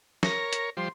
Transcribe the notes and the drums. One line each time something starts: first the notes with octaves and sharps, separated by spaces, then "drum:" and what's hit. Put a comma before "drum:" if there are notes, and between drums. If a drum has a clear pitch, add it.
A#4 C#5 A#6, drum: snare
drum: hi-hat
F3 G3 C5 C6